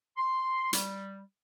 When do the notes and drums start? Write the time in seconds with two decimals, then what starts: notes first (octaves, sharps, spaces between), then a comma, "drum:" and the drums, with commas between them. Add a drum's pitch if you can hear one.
0.17 C6
0.73 G3, drum: hi-hat